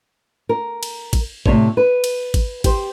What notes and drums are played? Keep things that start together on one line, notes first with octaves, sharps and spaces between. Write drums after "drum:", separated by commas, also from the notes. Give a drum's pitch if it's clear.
A#4
drum: cymbal
drum: kick, cymbal
A2 C3 D#3 F3 C#5, drum: kick
B4
drum: cymbal
drum: kick, cymbal
G4 C5, drum: kick, cymbal